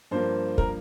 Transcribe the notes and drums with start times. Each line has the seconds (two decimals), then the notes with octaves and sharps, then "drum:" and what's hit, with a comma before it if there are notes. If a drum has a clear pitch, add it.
0.11 G2 F3 A#3 C5
0.58 A#4, drum: kick